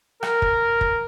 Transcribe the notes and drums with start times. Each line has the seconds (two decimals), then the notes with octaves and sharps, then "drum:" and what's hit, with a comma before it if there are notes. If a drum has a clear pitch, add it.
0.23 A#4, drum: rim click
0.42 drum: kick
0.81 drum: kick